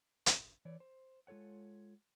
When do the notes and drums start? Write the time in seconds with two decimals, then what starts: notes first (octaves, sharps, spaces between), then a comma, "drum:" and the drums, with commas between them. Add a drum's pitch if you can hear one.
0.26 drum: hi-hat
0.65 E3 C#5 D5
0.80 C5
1.27 G#3 F4 A4 C#5 F#5